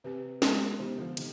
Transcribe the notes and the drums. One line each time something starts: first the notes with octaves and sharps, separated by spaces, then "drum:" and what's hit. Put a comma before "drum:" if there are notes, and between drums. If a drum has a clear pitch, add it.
C3 C4 G4 B4
G#3 B3 F4 G#4, drum: snare
C3 D#3 B3 D#4 G4 C5
D3 F3
C3 D#3, drum: cymbal